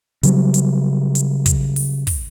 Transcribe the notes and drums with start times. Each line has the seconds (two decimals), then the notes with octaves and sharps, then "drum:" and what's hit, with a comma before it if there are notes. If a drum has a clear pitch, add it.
0.23 C#3 F#3 G3, drum: hi-hat
0.54 drum: hi-hat
1.15 drum: hi-hat
1.46 drum: kick, hi-hat
1.76 drum: open hi-hat
2.07 drum: kick, open hi-hat